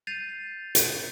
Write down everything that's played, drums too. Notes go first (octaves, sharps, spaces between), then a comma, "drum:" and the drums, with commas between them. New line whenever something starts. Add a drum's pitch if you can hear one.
G6 A6 C7 D#7 F7
drum: hi-hat